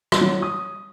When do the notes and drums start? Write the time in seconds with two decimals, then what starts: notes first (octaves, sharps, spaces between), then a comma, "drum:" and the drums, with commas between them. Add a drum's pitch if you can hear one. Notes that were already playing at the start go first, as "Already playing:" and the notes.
0.12 drum: rim click
0.21 F#3
0.42 D#6